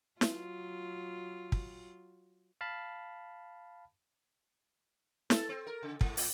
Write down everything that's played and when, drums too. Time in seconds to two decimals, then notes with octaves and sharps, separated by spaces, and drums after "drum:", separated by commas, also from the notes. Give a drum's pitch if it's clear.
0.21 F#3 F4, drum: snare
1.52 drum: kick
2.61 F5 A5 B5
5.30 A4, drum: snare
5.49 C4
5.67 A#4
5.83 C#3
6.01 G#2, drum: kick
6.17 A2, drum: open hi-hat